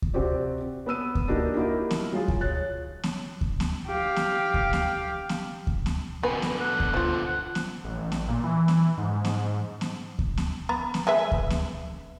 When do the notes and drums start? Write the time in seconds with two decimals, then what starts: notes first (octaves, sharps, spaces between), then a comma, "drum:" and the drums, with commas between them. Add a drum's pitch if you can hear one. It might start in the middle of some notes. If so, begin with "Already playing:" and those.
0.02 drum: kick D2
0.14 C3 C4 F#4 G4 D5
0.86 B3 B4 E6 D#7
1.15 drum: kick D2
1.28 A#3 D4 D#4 F#4 G4 A#4
1.55 A#3 D#4 E4 F#4 G4 A#4
1.91 drum: snare B3
2.13 F#3 G#3 F4 G#4
2.28 drum: kick D2
2.41 C#5 F#6 A6
3.03 drum: snare B3
3.41 drum: kick D2
3.60 drum: snare B3
3.87 G4 F5
4.16 drum: snare B3
4.54 drum: kick D2
4.73 drum: snare B3
5.29 drum: snare B3
5.67 drum: kick D2
5.86 drum: snare B3
6.23 B2 D3 B3 B4 G#5
6.42 drum: snare B3
6.60 F#5
6.80 drum: kick D2
6.94 F3 F4
7.26 F#5
7.55 drum: snare B3
7.84 A1
8.12 drum: snare B3
8.28 A#2
8.44 E3
8.68 drum: snare B3
8.98 G#2
9.25 drum: snare B3
9.81 drum: snare B3
10.19 drum: kick D2
10.37 drum: snare B3
10.69 B3 A#5
10.94 drum: snare B3
11.07 G#3 B4 E5
11.32 drum: kick D2
11.50 drum: snare B3